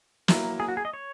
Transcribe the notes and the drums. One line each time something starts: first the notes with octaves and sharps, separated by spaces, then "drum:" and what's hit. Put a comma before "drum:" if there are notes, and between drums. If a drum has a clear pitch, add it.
F#3 A#3 E4, drum: snare
G#4
F#4
G#4
D#5
C#5